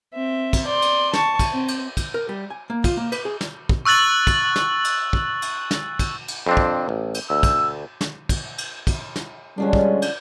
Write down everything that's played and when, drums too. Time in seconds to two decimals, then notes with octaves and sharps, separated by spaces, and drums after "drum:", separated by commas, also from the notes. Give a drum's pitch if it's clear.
0.14 C4 E5
0.53 drum: kick, cymbal
0.66 D5 C6
0.82 drum: cymbal
1.13 A5 C#6, drum: snare
1.39 drum: kick, cymbal
1.52 C4
1.68 drum: cymbal
1.97 drum: kick, cymbal
2.14 A#4
2.29 G3
2.50 G#5
2.70 A#3
2.84 F4, drum: kick, cymbal
2.97 A#3
3.12 B4, drum: cymbal
3.25 G#4
3.41 drum: snare
3.69 drum: kick
3.85 C#6 E6 F#6 A6 F#7
4.27 drum: kick, cymbal
4.56 drum: snare
4.84 drum: cymbal
5.13 drum: kick
5.42 drum: cymbal
5.71 drum: snare
5.99 drum: kick, cymbal
6.28 drum: cymbal
6.46 F2 C4 D4
6.57 drum: kick
6.89 A1
7.14 drum: cymbal
7.30 D2 E6
7.43 drum: kick, cymbal
8.01 drum: snare
8.29 drum: kick, cymbal
8.58 drum: cymbal
8.87 drum: kick, cymbal
9.16 drum: snare
9.58 D3 F3 G3 G#3 C#4 D4
9.73 drum: kick
10.02 drum: cymbal